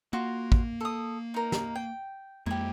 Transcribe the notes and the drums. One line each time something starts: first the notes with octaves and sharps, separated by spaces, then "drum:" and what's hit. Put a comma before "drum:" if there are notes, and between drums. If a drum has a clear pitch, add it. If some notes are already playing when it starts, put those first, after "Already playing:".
A#3 F4 F#4
drum: kick
A4 D#6
D#4 A#4
drum: snare
G5
F2 G#3 A#3 E4 G4